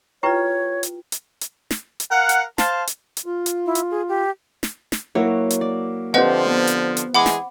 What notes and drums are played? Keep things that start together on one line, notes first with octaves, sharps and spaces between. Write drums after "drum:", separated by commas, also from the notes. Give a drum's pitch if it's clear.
E4 F4 G4 B4 C#5 G5
drum: hi-hat
drum: hi-hat
drum: hi-hat
drum: snare
drum: hi-hat
A#4 F5 F#5
drum: hi-hat
C5 F5 A5, drum: snare
drum: hi-hat
drum: hi-hat
F4
drum: hi-hat
E4
drum: hi-hat
G#4
G4
drum: snare
drum: snare
F#3 A#3 E4 F#4 C#5
drum: hi-hat
D5
D3 F3 C4 G4 B4 D#5 F#5
B3
drum: hi-hat
drum: hi-hat
E3 G#3 G#4 F#5 B5 D6
drum: snare